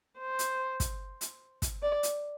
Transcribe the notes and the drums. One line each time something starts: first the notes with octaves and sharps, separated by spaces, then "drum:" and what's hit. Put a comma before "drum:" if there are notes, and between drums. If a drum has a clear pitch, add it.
C5
drum: hi-hat
drum: kick, hi-hat
drum: hi-hat
drum: kick, hi-hat
D5
drum: hi-hat